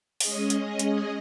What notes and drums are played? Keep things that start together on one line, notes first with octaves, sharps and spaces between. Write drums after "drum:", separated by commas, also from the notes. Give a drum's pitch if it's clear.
G#3 C#4 G#4 D#5, drum: open hi-hat
drum: hi-hat
drum: hi-hat